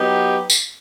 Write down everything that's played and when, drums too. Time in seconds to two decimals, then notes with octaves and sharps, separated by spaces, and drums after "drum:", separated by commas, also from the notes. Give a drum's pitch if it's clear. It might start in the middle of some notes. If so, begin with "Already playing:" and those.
Already playing: F#3 B3 D#4 G4
0.50 drum: tambourine